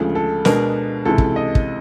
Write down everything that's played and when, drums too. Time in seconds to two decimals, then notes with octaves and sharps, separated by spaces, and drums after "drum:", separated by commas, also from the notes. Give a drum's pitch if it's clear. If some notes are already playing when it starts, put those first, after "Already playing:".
Already playing: D2 C#3 F3 G#3
0.15 A4
0.45 B2 G#3 B3 D4 A#4, drum: snare
1.05 C#2 C3 E3 A4
1.18 drum: kick
1.36 D#5
1.55 drum: kick